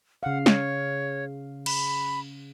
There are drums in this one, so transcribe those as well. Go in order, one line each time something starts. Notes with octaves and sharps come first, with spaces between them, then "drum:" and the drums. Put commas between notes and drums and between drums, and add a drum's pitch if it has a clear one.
C#3 F5 F#5
C#5, drum: snare
B5, drum: cymbal